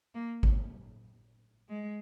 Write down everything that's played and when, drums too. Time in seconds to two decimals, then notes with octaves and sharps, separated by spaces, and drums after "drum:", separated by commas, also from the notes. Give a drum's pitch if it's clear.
0.14 A#3
0.43 drum: kick G#1
1.69 G#3